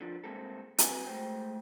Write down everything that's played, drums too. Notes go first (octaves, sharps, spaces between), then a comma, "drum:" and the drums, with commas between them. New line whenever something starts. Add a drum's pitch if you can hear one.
D3 F3 D4
C2 G#3 A#3 C4 A4
G2 C4 F#4 B4 F#5 G#5, drum: hi-hat
G#3 A3 C5 G5